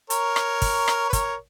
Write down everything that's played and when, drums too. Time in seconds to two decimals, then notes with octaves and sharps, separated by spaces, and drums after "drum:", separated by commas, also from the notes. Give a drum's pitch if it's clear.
0.10 A#4 C#5, drum: hi-hat
0.36 drum: rim click
0.62 drum: kick, open hi-hat
0.88 drum: rim click
1.09 B4
1.13 A#4 C#5, drum: kick, hi-hat